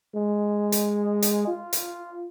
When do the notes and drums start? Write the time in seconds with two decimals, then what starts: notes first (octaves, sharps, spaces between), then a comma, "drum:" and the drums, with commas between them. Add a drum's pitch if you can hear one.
0.15 G#3
0.72 drum: hi-hat
1.22 drum: hi-hat
1.48 F4
1.73 drum: hi-hat